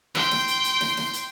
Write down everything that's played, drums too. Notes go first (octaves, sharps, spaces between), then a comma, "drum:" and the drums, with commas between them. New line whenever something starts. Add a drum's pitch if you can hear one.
G5 C6, drum: snare
drum: snare
drum: hi-hat
drum: hi-hat
drum: snare
drum: snare
drum: hi-hat